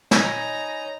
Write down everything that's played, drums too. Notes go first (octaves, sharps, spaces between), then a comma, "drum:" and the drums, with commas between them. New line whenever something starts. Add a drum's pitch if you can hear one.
D#4 C#5 G#5 A#5 B5, drum: snare